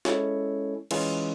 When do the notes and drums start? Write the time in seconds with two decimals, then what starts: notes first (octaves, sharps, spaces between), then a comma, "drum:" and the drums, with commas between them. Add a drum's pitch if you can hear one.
0.05 G#3 C#4 E4 A4 C#5, drum: snare
0.91 E3 G#3 C#4 F4, drum: cymbal